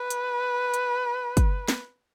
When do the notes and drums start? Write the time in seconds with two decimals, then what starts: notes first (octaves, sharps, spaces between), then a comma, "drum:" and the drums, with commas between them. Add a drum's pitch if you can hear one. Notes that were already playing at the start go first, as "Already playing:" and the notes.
Already playing: B4
0.10 drum: hi-hat
0.74 drum: hi-hat
1.37 drum: kick, hi-hat
1.68 drum: snare